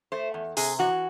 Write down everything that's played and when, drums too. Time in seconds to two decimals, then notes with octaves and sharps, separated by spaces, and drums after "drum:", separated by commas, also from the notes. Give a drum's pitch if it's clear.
0.12 A3 C5
0.34 E2
0.57 C3 G#4, drum: open hi-hat
0.79 E3 F#4